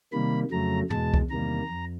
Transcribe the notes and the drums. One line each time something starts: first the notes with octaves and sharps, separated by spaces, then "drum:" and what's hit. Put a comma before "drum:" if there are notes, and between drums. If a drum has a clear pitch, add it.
C3 D#3 G3 A#3 B5
F2 C#3 F#3 A3 A#5
E2 B2 G#3 A5, drum: tom
drum: kick C2
E2 C3 D#3 G3 A#3 A#5
F2